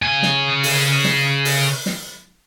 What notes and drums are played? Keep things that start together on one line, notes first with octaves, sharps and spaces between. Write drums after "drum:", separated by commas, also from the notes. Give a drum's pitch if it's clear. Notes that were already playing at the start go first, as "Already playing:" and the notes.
C#3 G#5
drum: snare
drum: open hi-hat
drum: snare
drum: open hi-hat
drum: snare